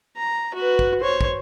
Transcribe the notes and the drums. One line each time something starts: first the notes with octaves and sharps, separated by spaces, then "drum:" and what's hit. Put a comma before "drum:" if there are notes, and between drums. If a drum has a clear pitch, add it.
A#5
F#4 B4
drum: kick
C5 C#5
drum: kick